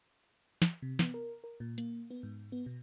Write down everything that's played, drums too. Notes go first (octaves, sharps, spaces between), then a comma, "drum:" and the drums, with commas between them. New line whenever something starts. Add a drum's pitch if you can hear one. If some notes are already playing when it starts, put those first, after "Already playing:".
drum: snare
C3
B3, drum: snare
A#4
A#4
A#2
A#3, drum: hi-hat
B3
G#2
B3
B2